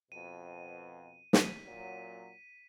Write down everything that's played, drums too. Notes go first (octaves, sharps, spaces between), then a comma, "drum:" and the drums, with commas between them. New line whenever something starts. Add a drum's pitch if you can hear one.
F2 B2 D#7
B6 D#7, drum: snare
F#2 A#2 F#3